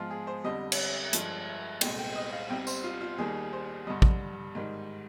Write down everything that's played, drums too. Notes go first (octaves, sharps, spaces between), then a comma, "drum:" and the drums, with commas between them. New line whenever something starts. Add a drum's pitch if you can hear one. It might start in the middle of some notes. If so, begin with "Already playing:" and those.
Already playing: G#2 F3 G#3 F4
G#4
C5
F2 D3 G3 D#5
drum: cymbal
G2 F3 G#3, drum: hi-hat
C2 A#2 G#3 G5, drum: cymbal
G5
D#5
F5
C2 C3 G3 G5
C5, drum: tambourine
F4
F4
D#2 D#3 G3 G#4
C5
G2 D3 G3 D#5
drum: kick
G#2 D#3 G3